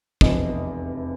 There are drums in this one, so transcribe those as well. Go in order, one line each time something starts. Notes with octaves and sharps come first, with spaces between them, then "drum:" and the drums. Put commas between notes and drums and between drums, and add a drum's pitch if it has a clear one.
F1 E2 C3 F3 D#5, drum: kick